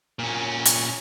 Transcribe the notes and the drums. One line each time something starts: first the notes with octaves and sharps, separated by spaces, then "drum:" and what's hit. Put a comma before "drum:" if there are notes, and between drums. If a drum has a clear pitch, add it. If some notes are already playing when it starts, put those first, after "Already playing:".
A#2 C#4
drum: hi-hat